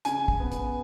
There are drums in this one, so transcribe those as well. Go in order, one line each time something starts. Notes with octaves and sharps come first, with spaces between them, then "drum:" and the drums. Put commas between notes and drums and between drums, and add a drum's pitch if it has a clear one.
C#3 G#5, drum: hi-hat
drum: kick
B3
drum: hi-hat